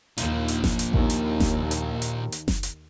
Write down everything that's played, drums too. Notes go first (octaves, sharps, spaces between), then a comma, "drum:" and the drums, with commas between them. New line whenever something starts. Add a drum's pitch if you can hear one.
D#2 A#2 F3, drum: hi-hat
drum: hi-hat
drum: snare F#1
drum: hi-hat
D#2, drum: kick A1
drum: hi-hat
drum: snare F#1
drum: hi-hat
drum: hi-hat
drum: hi-hat
drum: snare F#1
drum: hi-hat